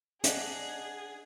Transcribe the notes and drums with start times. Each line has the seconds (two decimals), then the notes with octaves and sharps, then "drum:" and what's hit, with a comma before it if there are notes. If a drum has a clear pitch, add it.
0.24 D4 G#4 D#5 F#5, drum: hi-hat